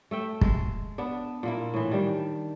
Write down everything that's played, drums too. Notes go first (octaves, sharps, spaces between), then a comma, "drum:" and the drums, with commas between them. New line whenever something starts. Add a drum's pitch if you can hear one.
A3 E5 G5
G#3, drum: kick
B3 D4
A#2 A#3 E4
A2 E3
D#3 G3 D4